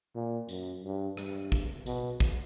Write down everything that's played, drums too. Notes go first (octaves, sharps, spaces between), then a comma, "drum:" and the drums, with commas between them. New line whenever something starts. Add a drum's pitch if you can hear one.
A#2
F#2, drum: tambourine
G2
G2, drum: rim click
drum: kick
B2, drum: tambourine
drum: kick